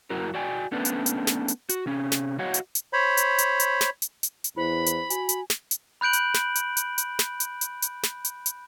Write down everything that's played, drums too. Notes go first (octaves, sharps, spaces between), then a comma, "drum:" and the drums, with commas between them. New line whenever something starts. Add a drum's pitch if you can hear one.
F#2 E4 F#4 A#4
F#4 D5 G5 G#5
A3 B3 C#4 D4 B4 D5
drum: hi-hat
drum: hi-hat
drum: snare
drum: hi-hat
F#4, drum: hi-hat
C3 C#4
drum: snare
F#4 C#5 D#5 F5 F#5
drum: hi-hat
drum: hi-hat
C5 C#5 B5
drum: hi-hat
drum: hi-hat
drum: hi-hat
drum: snare
drum: hi-hat
drum: hi-hat
drum: hi-hat
E2 E4 C5 B5
drum: hi-hat
F#4 G#5, drum: hi-hat
drum: hi-hat
drum: snare
drum: hi-hat
B5 F#6 G6 D7 F#7
drum: hi-hat
drum: snare
drum: hi-hat
drum: hi-hat
drum: hi-hat
drum: snare
drum: hi-hat
drum: hi-hat
drum: hi-hat
drum: snare
drum: hi-hat
drum: hi-hat